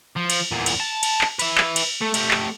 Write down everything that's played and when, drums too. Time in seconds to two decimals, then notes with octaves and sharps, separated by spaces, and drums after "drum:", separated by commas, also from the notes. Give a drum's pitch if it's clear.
0.17 F3
0.30 drum: cymbal
0.51 E2 A#2
0.66 drum: cymbal
0.80 A5
1.03 drum: cymbal
1.21 drum: clap
1.39 B4 E5, drum: cymbal
1.58 drum: clap
1.76 drum: cymbal
2.01 A3
2.14 A3 G4, drum: cymbal
2.31 drum: clap